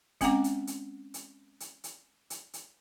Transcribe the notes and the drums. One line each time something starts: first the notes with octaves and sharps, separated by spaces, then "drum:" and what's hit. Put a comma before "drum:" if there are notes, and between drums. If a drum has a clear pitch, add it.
G#3 C4 C#4 F#5 A#5 D6, drum: kick, hi-hat
drum: hi-hat
drum: hi-hat
drum: hi-hat
drum: hi-hat
drum: hi-hat
drum: hi-hat
drum: hi-hat